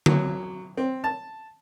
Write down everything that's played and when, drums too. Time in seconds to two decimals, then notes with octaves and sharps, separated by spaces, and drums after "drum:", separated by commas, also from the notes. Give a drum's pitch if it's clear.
0.06 F#3, drum: tom D3
0.77 C4
1.04 A5